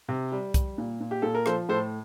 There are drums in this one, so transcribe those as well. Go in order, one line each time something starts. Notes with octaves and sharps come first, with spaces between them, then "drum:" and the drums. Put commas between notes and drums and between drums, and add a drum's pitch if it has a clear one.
C3
G3
G3, drum: kick C2, hi-hat
A#2
A#2
G4
A#2 A4
A#4
F3 A4 C5, drum: rim click
A2 A4 C5